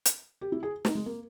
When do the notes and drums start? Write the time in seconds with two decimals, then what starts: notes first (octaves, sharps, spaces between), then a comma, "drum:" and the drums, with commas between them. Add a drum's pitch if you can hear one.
0.05 drum: hi-hat
0.41 G4
0.52 E4
0.63 G#4
0.85 D#4, drum: snare
0.95 G#3
1.06 A#3